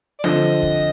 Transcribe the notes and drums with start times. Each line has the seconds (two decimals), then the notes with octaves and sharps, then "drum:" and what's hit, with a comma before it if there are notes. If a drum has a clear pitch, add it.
0.19 D5
0.24 D3 F3 C4 D#5, drum: snare
0.63 drum: kick